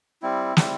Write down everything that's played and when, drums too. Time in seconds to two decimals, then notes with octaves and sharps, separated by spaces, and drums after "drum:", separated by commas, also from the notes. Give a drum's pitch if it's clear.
0.22 G3 C4 E4
0.57 G3 C4 E4, drum: snare